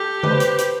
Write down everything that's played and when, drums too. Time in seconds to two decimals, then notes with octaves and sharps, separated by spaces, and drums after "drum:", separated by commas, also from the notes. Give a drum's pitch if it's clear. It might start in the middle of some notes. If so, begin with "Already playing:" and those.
Already playing: G4 A4
0.23 B4, drum: tom C#3
0.31 C5
0.40 B4, drum: hi-hat
0.58 drum: hi-hat